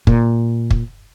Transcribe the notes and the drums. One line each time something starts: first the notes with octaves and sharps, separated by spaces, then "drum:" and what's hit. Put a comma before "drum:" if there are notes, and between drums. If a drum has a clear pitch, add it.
A#2, drum: kick
drum: kick